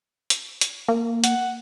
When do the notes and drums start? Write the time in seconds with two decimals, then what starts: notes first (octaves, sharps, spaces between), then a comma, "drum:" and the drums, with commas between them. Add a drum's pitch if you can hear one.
0.30 drum: hi-hat
0.61 drum: hi-hat
0.88 A#3
1.24 F#5, drum: hi-hat